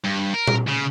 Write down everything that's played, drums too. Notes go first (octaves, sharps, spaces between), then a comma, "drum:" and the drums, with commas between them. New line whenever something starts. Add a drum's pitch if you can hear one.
G2
A#4
drum: tom A#2
C#3